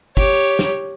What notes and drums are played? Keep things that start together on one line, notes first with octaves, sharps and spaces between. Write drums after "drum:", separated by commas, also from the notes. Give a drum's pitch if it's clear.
G4 C#5, drum: kick G1
drum: snare